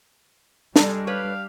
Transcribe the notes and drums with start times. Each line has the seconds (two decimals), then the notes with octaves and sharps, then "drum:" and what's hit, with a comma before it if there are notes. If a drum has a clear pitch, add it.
0.76 G3 G#3 D4 A4, drum: snare
1.07 G4 B4 C#5 F5